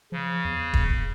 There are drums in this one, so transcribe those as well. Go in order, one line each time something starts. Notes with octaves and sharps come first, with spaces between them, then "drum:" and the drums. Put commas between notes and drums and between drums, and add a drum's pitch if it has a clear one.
C#3 F3
E2
drum: kick